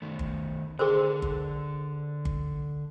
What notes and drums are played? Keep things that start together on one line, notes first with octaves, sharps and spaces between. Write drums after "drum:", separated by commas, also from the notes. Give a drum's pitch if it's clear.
D#3 A3
drum: kick G1
D3 G#4 A#4 C5 C6
drum: kick G1
drum: kick G1